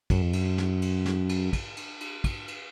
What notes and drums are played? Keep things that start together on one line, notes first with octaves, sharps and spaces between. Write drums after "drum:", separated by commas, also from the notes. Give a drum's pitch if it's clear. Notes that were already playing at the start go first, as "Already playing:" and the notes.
F#2, drum: kick, cymbal
F2
F#2, drum: cymbal
drum: snare
drum: cymbal
drum: snare
drum: cymbal
drum: kick, cymbal
drum: cymbal
drum: cymbal
drum: kick, cymbal
drum: cymbal